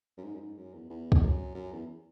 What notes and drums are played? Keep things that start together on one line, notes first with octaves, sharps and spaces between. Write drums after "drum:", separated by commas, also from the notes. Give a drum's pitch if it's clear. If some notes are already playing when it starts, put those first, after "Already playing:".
F#2
G#2
F#2
G#2
F#2
E2
E2
drum: kick
F#2
F#2
E2